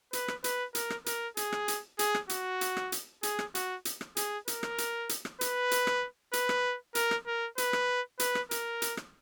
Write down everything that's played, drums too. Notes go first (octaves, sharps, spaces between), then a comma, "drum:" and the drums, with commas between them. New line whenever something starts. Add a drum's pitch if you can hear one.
B4, drum: hi-hat
drum: rim click
B4, drum: hi-hat
A#4, drum: hi-hat
drum: rim click
A#4, drum: hi-hat
G#4, drum: hi-hat
drum: rim click
drum: hi-hat
G#4, drum: hi-hat
drum: rim click
F#4, drum: hi-hat
drum: hi-hat
drum: rim click
drum: hi-hat
G#4, drum: hi-hat
drum: rim click
F#4, drum: hi-hat
drum: hi-hat
drum: rim click
G#4, drum: hi-hat
A#4, drum: hi-hat
drum: rim click
drum: hi-hat
drum: hi-hat
drum: rim click
B4, drum: hi-hat
drum: hi-hat
drum: rim click
B4, drum: hi-hat
drum: rim click
A#4, drum: hi-hat
drum: rim click
A#4
B4, drum: hi-hat
drum: rim click
B4, drum: hi-hat
drum: rim click
A#4, drum: hi-hat
drum: hi-hat
drum: rim click